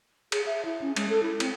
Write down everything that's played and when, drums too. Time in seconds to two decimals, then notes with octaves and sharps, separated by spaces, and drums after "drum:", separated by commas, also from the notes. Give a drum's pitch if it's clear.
0.32 G#4, drum: cymbal
0.46 E5
0.65 E4
0.81 C#4
0.96 G#3, drum: cymbal
1.09 A4
1.23 E4
1.40 C4, drum: cymbal